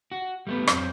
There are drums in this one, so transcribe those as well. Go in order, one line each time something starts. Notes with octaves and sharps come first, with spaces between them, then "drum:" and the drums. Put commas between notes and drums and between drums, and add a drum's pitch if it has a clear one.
F#4
G3 A3 B3
F2 F#3 C4, drum: rim click